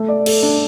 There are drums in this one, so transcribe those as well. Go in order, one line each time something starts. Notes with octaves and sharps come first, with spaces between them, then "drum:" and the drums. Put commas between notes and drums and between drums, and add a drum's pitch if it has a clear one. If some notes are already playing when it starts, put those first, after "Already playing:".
Already playing: A3
D5
A4, drum: cymbal
D4